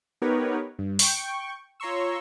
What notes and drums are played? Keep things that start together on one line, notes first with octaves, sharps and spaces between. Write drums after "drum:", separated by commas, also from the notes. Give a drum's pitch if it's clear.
B3 D#4 G4 A#4 B4 C#5
G2
G5 C#6, drum: open hi-hat
F4 C#5 A#5 C6 C#6 E6